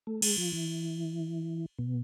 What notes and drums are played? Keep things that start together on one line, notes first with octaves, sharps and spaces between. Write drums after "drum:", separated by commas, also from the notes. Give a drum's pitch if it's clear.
A3
G#3, drum: cymbal
F3
E3
B2